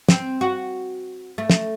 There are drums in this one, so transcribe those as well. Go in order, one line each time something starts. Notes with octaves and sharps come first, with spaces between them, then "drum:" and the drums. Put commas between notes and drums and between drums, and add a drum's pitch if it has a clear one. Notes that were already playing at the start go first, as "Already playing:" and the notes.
C4, drum: snare
F#4
A3
drum: snare